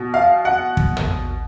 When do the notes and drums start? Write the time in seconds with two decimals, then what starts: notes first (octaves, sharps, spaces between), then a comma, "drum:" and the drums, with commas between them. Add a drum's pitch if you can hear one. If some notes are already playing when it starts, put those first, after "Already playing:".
Already playing: B2
0.14 F5
0.45 F#5
0.77 drum: kick
0.97 drum: tom